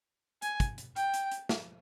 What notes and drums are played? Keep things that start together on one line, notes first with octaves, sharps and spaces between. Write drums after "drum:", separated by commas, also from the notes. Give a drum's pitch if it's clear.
G#5, drum: hi-hat
drum: kick, hi-hat
drum: hi-hat
G5, drum: hi-hat
drum: hi-hat
drum: hi-hat
drum: snare